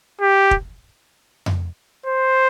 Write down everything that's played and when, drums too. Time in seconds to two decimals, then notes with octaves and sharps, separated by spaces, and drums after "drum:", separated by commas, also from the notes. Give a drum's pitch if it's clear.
0.21 G4
0.51 drum: kick
1.46 drum: tom F2
2.06 C5